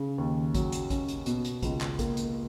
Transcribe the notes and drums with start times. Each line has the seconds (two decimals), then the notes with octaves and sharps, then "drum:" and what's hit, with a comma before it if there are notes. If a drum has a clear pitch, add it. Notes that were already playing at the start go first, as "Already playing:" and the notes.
Already playing: C#3
0.18 D#2
0.54 F#3, drum: kick, hi-hat
0.72 drum: hi-hat
0.90 C#4, drum: kick, hi-hat
1.08 drum: hi-hat
1.26 B2, drum: hi-hat
1.45 drum: hi-hat
1.62 C#2, drum: kick, hi-hat
1.81 drum: clap
1.99 A#3, drum: kick, hi-hat
2.17 drum: hi-hat